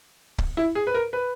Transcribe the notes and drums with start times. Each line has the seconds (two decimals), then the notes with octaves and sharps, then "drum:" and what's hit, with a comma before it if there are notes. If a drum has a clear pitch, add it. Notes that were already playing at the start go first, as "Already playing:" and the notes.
0.38 drum: kick C#1
0.57 E4
0.75 G#4
0.87 B4
0.94 A#4
1.13 B4